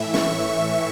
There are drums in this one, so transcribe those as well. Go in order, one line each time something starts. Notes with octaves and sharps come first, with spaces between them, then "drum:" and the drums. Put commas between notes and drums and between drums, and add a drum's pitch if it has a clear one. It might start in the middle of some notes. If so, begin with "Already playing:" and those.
Already playing: A2 E3 E5
C#6, drum: snare